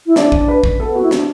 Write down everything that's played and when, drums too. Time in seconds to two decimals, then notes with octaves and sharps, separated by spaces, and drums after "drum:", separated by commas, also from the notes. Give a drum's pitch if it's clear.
0.06 E4
0.16 D4 D5, drum: snare
0.32 drum: kick
0.48 B4
0.64 drum: kick
0.80 B3 A4
0.95 F#4
1.02 E4
1.11 D4, drum: snare